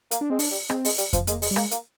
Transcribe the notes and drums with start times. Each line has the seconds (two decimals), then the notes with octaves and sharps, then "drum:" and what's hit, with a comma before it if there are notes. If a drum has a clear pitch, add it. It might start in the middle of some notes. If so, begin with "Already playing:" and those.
0.11 A#3, drum: hi-hat
0.21 D4
0.30 G#3 C4
0.39 D4, drum: open hi-hat
0.51 G3
0.70 G#3 C4, drum: rim click
0.85 G#3, drum: open hi-hat
0.98 G3, drum: hi-hat
1.13 F3, drum: kick F2, hi-hat
1.27 G#3 A#3, drum: hi-hat
1.42 G#3, drum: open hi-hat
1.51 G3
1.56 G#3 A#3, drum: rim click
1.71 A#3, drum: hi-hat